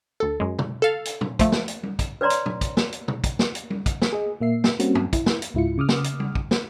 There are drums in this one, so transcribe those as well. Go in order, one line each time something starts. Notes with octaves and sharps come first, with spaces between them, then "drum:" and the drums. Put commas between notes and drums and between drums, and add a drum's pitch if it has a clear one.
D2 A4
F#2 G#3
drum: tom B2
A4 F5
drum: hi-hat
drum: tom
F3 A3, drum: kick, hi-hat
drum: snare
drum: hi-hat
drum: tom G3
drum: kick, hi-hat
B4 C#5 D5 A#5 C6
drum: hi-hat
drum: tom
drum: kick, hi-hat
drum: snare
drum: hi-hat
drum: tom B2
drum: kick, hi-hat
drum: snare
drum: hi-hat
drum: tom G3
drum: kick, hi-hat
drum: snare
G#4 D#5
A#2 A#3 E5 C7
drum: snare
G3 A#3 C4 C#4 F#4, drum: hi-hat
drum: tom G2
E4, drum: kick, hi-hat
drum: snare
drum: hi-hat
C#2 G#2 E4 F4 C#7
C#3 D6 D#6 F6
drum: snare
drum: hi-hat
drum: tom G3
drum: kick
drum: snare